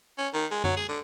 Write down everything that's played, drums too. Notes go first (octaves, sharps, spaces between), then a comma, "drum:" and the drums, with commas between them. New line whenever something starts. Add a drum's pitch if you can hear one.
C#4
D#3
G#3
F#3, drum: tom F#2
G#4
D3